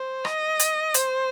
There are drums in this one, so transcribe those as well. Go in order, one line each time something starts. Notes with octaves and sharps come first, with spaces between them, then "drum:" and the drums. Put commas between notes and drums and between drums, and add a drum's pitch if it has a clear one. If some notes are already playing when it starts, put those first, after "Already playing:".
Already playing: C5
D#5, drum: rim click
drum: hi-hat
C5, drum: hi-hat